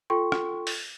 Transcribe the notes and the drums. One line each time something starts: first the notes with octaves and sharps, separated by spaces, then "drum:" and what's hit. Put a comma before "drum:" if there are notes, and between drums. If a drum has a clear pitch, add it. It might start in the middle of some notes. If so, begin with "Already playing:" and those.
F4 A4 G5 C6 C#6
drum: rim click
drum: open hi-hat